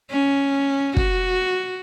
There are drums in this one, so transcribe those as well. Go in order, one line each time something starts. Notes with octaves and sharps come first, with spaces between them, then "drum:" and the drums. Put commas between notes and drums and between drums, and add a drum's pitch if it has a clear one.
C#4
F#4, drum: kick